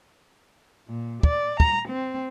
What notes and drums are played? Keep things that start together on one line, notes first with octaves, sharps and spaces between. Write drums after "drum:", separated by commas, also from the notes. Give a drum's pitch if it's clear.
A#2
D5, drum: kick
A#5, drum: kick
C4